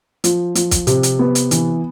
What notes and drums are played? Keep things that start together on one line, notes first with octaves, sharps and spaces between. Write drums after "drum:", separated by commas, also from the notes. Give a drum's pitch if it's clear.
F3, drum: hi-hat
F3, drum: hi-hat
drum: kick, hi-hat
C3, drum: hi-hat
drum: hi-hat
B3
drum: hi-hat
E3, drum: hi-hat